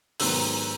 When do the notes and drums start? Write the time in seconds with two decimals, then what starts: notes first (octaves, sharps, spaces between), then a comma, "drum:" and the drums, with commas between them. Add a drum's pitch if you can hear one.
0.20 G#2 D#3 F#3 B3 E6, drum: open hi-hat